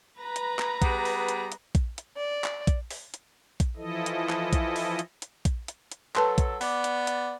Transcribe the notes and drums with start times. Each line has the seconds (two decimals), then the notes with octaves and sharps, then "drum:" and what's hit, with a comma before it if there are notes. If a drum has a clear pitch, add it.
0.19 B4 A#5
0.36 drum: hi-hat
0.59 drum: clap
0.82 G3 B3 G#4, drum: kick A#1, hi-hat
1.05 drum: open hi-hat
1.28 drum: hi-hat
1.52 drum: hi-hat
1.75 drum: kick A#1, hi-hat
1.98 drum: hi-hat
2.17 D5
2.44 drum: clap
2.67 drum: kick A#1, hi-hat
2.91 drum: open hi-hat
3.14 drum: hi-hat
3.60 drum: kick A#1, hi-hat
3.77 E3 F3 E4 A4 D#5
4.06 drum: hi-hat
4.29 drum: clap
4.53 drum: kick A#1, hi-hat
4.76 drum: open hi-hat
4.99 drum: hi-hat
5.22 drum: hi-hat
5.45 drum: kick A#1, hi-hat
5.68 drum: hi-hat
5.92 drum: hi-hat
6.16 F#3 A4 B4 A5 C6, drum: clap
6.38 drum: kick A#1, hi-hat
6.61 B3 D5, drum: open hi-hat
6.84 drum: hi-hat
7.07 drum: hi-hat